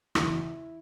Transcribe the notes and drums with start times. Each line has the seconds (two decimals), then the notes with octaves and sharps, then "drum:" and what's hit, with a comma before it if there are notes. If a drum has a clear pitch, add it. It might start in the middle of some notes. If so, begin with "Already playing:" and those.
0.15 F#1 E2 E3 E4, drum: rim click